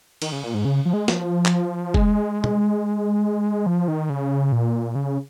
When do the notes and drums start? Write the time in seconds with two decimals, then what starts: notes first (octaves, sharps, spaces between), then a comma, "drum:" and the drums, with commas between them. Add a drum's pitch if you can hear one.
0.22 D#3, drum: cymbal
0.32 C#3
0.44 A#2
0.54 G#2
0.65 C#3
0.85 F3
0.93 G#3
1.08 F3, drum: snare
1.46 drum: clap
1.94 G#3, drum: kick F1
2.44 drum: tom
3.66 F3
3.88 D#3
4.10 C#3
4.52 A#2
4.95 C#3